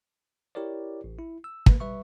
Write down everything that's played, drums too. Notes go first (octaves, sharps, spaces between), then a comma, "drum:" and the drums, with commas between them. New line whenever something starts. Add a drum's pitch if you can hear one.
E4 G4 A#4 C#5 D5
A1
E4
E6
A#3 B4, drum: kick
G3 B4 E5 C#6